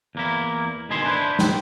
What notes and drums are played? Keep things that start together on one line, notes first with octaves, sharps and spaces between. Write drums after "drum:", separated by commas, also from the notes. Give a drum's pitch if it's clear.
E2 A#3 E4
D2 B2 D#3 G#4 E5 C6
D4 E4 B4 C5
G#2, drum: snare